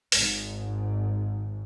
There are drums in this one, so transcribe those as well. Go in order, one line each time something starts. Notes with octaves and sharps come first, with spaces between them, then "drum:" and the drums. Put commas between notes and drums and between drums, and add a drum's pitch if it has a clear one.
G#1 G#2, drum: open hi-hat